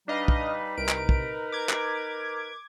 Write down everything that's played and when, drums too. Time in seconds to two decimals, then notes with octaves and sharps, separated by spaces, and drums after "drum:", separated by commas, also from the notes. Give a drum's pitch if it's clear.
0.08 G3 D4 D#4 B4 D#5 F5
0.28 drum: kick
0.78 C2 A#4 D7
0.89 drum: clap
1.09 drum: kick
1.52 D6 G#6
1.69 drum: clap